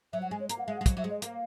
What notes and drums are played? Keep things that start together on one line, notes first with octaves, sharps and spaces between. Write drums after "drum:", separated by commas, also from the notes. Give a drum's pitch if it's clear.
F#3 E5
F#5
G#3 G#5
C#5
A#3 A#5, drum: hi-hat
F#5
G#3 E5
F#5
G#3
F#3, drum: kick, hi-hat
F#3 E5
G#3
D#5
A#3, drum: hi-hat